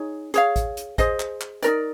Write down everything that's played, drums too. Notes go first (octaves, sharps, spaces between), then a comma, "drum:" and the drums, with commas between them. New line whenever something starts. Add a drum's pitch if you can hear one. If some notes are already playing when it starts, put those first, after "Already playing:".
Already playing: D#4 G#4 C#5
G#4 C#5 F5, drum: hi-hat
drum: kick A1, hi-hat
drum: hi-hat
G#4 C5 D#5, drum: kick A1, hi-hat
drum: clap
drum: clap
D#4 F#4 A#4 D5, drum: hi-hat